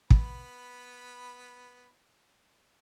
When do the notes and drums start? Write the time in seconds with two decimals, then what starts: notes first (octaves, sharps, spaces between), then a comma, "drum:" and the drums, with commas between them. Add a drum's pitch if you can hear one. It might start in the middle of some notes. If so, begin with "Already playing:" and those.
0.10 B3 B5, drum: kick